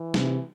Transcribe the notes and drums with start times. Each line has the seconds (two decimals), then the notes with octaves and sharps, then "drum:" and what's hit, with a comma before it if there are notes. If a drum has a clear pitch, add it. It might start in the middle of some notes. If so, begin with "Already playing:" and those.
Already playing: E3
0.14 C3, drum: snare